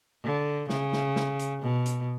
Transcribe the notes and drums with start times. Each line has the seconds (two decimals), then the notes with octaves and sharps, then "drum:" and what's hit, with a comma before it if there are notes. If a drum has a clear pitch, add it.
0.24 D3
0.70 C#3, drum: snare
0.93 drum: snare
1.16 drum: snare
1.39 drum: hi-hat
1.62 B2
1.86 drum: hi-hat